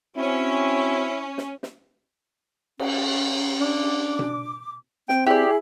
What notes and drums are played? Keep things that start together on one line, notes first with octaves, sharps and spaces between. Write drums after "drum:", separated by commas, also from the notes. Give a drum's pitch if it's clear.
C4 C#4 E4 F#4
drum: snare
drum: snare
C#4, drum: cymbal
D4 D6
drum: tom B2
C4 G5, drum: snare
E4 G4 G#4 D5